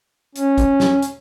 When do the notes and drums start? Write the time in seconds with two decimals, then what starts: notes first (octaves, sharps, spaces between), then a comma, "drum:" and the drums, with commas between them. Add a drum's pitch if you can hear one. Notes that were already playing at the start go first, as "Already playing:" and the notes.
0.35 C#4, drum: hi-hat
0.58 drum: kick, hi-hat
0.80 drum: snare
1.02 drum: hi-hat